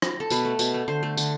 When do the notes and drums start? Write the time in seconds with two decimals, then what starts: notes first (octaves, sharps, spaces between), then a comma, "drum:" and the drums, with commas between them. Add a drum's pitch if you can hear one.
0.02 drum: rim click
0.20 A4
0.30 B2 B4, drum: tambourine
0.45 A3
0.59 B2, drum: tambourine
0.74 A3
0.88 D3 C5
1.03 A3
1.17 D3, drum: tambourine